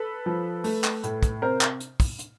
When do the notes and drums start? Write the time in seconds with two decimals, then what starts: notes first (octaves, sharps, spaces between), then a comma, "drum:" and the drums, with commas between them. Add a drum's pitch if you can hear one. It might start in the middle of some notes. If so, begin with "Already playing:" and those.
Already playing: A4 B4
0.26 F3
0.64 A3, drum: open hi-hat
0.84 drum: clap
1.04 A2, drum: hi-hat
1.23 drum: kick, hi-hat
1.42 C3 A#4 C5
1.61 drum: clap
1.80 drum: hi-hat
2.00 drum: kick, open hi-hat
2.19 drum: hi-hat